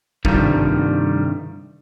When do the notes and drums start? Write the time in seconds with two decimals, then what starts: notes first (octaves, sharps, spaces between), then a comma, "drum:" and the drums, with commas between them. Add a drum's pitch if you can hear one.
0.25 C2 G2 D#3 F3 G3 A3, drum: kick A1